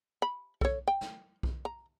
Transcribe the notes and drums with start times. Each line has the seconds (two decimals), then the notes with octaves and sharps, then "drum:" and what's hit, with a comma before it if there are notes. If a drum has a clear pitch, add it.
0.22 B5
0.61 A4 C#5, drum: kick B1
0.88 G5
1.01 drum: snare
1.43 drum: kick B1
1.65 A#5